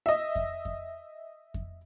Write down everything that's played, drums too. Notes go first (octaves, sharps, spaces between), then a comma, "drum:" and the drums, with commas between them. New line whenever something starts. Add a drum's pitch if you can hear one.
D#5 E5
drum: kick F2
drum: kick F2
drum: kick F2